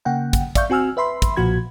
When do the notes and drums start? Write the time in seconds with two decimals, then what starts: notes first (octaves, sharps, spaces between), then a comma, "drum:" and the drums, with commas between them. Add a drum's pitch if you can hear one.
0.05 C#3 A#3 F#5 G5
0.33 drum: kick, hi-hat
0.55 D5 E5 F5 C#6 G6, drum: kick, hi-hat
0.70 C4 F#4 G#5 E6 F6
0.97 B4 E5 B5 C6
1.22 drum: kick, hi-hat
1.37 B1 A#2 F3 F#4 B5 G#6